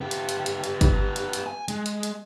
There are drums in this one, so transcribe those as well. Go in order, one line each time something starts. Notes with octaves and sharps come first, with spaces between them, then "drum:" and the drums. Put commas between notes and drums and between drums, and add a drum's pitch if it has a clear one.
B3 G4
drum: hi-hat
drum: hi-hat
drum: hi-hat
drum: hi-hat
drum: kick G1, hi-hat
drum: hi-hat
drum: hi-hat
G#5
G#3, drum: hi-hat
drum: hi-hat
drum: hi-hat